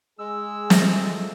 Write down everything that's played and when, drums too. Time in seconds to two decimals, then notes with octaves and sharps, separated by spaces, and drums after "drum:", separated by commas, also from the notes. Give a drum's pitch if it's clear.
0.19 G#3 G#4 E6
0.70 A#2 A3 D#5, drum: snare